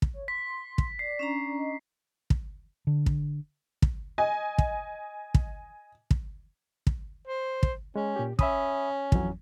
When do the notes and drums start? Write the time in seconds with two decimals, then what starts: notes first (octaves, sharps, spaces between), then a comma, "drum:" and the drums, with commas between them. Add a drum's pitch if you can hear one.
0.02 drum: kick
0.14 C#5
0.28 C6 B6
0.78 drum: kick
0.99 D5 C7
1.19 C#4 D4 A#5
1.59 D#5
2.30 drum: kick
2.87 D3
3.06 drum: kick
3.82 drum: kick
4.18 D#5 G#5
4.58 drum: kick
5.34 drum: kick
6.11 drum: kick
6.87 drum: kick
7.27 C5
7.63 drum: kick
7.96 G#3 C#4
8.16 A#2 G4
8.39 C#4 E5 B5 D#6, drum: kick
9.12 F2 E3 F#3, drum: kick